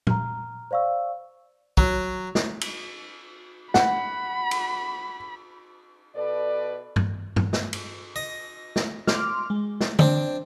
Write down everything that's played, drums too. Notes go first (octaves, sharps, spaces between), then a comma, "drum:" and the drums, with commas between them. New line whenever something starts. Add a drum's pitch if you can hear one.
A#5 F6, drum: tom
C5 D5 F5 C#6 E6
F#3, drum: kick
drum: snare
drum: cymbal
F#5 B5, drum: snare
drum: cymbal
B2 A4 B4 D5
drum: tom G2
drum: tom G2
drum: snare
drum: cymbal
D#5
drum: snare
C6 D6 F6, drum: snare
G#3
drum: snare
C4 D4, drum: tom